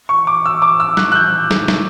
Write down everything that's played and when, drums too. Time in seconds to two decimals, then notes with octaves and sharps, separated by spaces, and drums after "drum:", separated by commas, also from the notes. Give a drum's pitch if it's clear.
0.09 C#6
0.27 D6
0.46 E6
0.62 D6
0.80 E6
0.97 F#6, drum: snare
1.12 F#6
1.15 G6
1.51 drum: snare
1.68 drum: snare